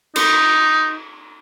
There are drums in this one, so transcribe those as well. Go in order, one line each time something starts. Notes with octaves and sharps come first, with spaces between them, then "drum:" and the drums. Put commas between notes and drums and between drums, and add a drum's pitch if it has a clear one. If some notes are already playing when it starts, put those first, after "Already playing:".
D#4, drum: cymbal